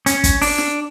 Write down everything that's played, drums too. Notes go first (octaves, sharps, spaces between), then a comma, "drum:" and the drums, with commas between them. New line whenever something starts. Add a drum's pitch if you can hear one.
C#4, drum: hi-hat
drum: kick, hi-hat
D4, drum: open hi-hat
drum: snare